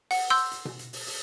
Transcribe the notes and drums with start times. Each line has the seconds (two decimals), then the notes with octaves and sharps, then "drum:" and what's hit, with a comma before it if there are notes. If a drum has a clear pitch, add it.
0.11 F#5, drum: open hi-hat
0.30 C6 E6 G6
0.52 drum: hi-hat
0.65 drum: tom B2
0.79 drum: hi-hat
0.93 drum: open hi-hat
1.07 drum: open hi-hat